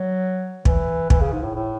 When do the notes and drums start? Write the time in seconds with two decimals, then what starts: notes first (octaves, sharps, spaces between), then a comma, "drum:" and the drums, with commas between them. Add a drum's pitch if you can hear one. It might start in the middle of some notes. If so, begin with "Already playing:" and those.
Already playing: F#3
0.65 E3, drum: kick
1.10 E3, drum: kick
1.21 C#3
1.32 G#2
1.43 A2
1.55 A2